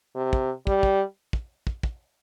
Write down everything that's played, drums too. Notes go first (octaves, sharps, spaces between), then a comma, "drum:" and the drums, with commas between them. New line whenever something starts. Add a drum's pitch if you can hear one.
C3
drum: kick
G3, drum: kick
drum: kick
drum: kick
drum: kick
drum: kick